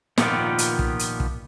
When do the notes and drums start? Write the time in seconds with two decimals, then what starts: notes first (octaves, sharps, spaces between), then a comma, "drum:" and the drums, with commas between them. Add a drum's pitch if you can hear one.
0.18 A#2 D#3 F3 B3 F4 G4, drum: snare
0.58 drum: hi-hat
0.79 drum: kick
0.99 drum: hi-hat
1.20 drum: kick